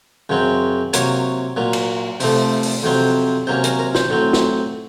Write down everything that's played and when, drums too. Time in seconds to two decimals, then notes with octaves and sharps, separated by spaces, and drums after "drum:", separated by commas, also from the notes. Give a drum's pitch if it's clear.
0.29 F#2 C#3 F#3 C4
0.93 C3 F#3 A#3 C#5, drum: hi-hat
1.56 A#2 F#3 A#3
1.73 drum: cymbal
2.20 C3 F3 A3, drum: open hi-hat
2.63 drum: open hi-hat
2.83 F2 C3 F#3 C4
3.47 C3 F#3 A#3 C#4 C5
3.64 A#4, drum: hi-hat
3.79 A#4
3.95 C5, drum: snare
4.10 A2 F#3 C4
4.33 drum: snare